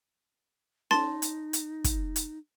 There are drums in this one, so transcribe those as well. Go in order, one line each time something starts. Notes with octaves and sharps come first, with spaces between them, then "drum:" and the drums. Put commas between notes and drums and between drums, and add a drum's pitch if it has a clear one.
D#4 A5 C6 A6, drum: snare C#4
drum: hi-hat
drum: hi-hat
drum: kick, hi-hat
drum: hi-hat